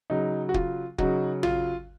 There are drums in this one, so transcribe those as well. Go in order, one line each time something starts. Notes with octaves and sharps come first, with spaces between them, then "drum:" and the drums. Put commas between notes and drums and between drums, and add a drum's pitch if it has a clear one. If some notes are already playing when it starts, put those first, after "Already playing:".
C#3 F#3 D#4
F#4
F4, drum: kick
C#3 F#3 D#4 F#4, drum: kick
F4, drum: tom